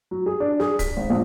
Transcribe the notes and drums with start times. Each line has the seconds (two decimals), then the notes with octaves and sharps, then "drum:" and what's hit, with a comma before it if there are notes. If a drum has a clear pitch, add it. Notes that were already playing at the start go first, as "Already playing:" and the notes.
0.11 F#3
0.26 G#4
0.40 D4
0.60 G#4, drum: snare
0.79 B6, drum: kick, hi-hat
0.97 G#1
1.10 A#1